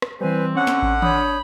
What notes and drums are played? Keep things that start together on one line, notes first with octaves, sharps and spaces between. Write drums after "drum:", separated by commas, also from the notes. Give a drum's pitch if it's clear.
drum: rim click
E3 G3 C4 B4 C5 G#5
D3 C#4 F#5 C#6
drum: snare
drum: kick A1
D4 C#5 B5 D#6 G6, drum: tom D#3